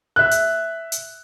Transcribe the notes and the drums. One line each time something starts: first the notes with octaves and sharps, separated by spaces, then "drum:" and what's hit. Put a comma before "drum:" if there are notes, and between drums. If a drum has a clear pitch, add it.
E5 F#6
drum: hi-hat
drum: hi-hat